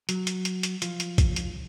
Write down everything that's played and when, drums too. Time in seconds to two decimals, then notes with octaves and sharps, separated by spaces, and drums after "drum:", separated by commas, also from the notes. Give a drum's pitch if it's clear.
0.09 F#3, drum: hi-hat
0.27 drum: hi-hat
0.45 drum: hi-hat
0.63 drum: hi-hat
0.82 F3, drum: hi-hat
1.00 drum: hi-hat
1.18 drum: kick A1, hi-hat
1.36 drum: hi-hat